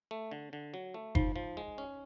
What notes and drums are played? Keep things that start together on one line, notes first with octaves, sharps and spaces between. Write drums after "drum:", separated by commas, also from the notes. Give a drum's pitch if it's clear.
A3
D3
D3
F#3
A3
F3 D#4, drum: kick F#1
F3
G#3
C#4